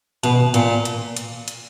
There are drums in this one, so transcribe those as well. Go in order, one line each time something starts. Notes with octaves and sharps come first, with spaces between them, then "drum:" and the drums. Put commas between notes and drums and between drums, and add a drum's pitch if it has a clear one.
B2, drum: hi-hat
A#2, drum: hi-hat
drum: hi-hat
drum: hi-hat
drum: hi-hat